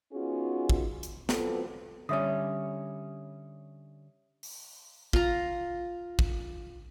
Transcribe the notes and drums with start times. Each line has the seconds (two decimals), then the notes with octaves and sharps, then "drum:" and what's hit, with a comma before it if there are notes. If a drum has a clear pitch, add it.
0.13 B3 C#4 D#4 F4 F#4 G#4
0.70 drum: kick
1.03 drum: hi-hat
1.29 F#3 B3 C4 F4 A4 B4, drum: snare
2.09 D3 G3 C#4 C#5 E5 D#6
4.43 drum: open hi-hat
5.13 F4 A#5, drum: kick
6.19 drum: kick